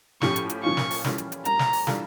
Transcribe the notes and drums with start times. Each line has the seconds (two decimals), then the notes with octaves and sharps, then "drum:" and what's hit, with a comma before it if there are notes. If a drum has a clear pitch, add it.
0.21 A2 F3 C#4 G4 C#6, drum: snare
0.36 drum: hi-hat
0.50 drum: hi-hat
0.63 A#2 F3 C#4 F4 C#6
0.77 drum: snare
0.91 drum: open hi-hat
1.04 E3 G3 C#4 F4 A4, drum: snare
1.18 drum: hi-hat
1.32 drum: hi-hat
1.45 G3 A#3 C#4 A#5, drum: hi-hat
1.59 drum: snare
1.73 drum: open hi-hat
1.87 E3 G3 D4 F4 A4, drum: snare